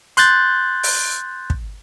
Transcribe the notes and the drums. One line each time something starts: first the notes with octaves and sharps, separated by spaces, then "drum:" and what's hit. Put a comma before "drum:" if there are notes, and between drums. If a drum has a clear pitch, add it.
C6 F#6 G6 A6, drum: hi-hat
drum: open hi-hat
drum: kick